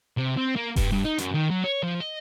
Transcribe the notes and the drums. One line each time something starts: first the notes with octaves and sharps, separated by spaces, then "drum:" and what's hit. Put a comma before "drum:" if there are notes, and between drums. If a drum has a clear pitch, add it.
C3
C4
A#3
G2, drum: kick E1, open hi-hat
G2
D#4
F#2, drum: hi-hat
D#3
F#3
C#5
F3
D#5